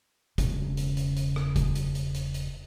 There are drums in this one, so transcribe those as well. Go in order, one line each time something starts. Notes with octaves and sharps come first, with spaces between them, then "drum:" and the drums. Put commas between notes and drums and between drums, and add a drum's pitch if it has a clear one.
E1 C#3, drum: kick F1, hi-hat
drum: hi-hat
drum: hi-hat
drum: hi-hat
drum: rim click
drum: kick F1, hi-hat
drum: hi-hat
drum: hi-hat
drum: hi-hat
drum: hi-hat